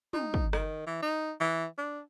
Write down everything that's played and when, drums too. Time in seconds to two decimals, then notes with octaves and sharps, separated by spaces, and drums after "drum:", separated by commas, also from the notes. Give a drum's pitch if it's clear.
0.13 D#4, drum: tom
0.34 drum: kick
0.53 D#3, drum: rim click
0.87 E3
1.02 D#4
1.40 E3
1.78 D4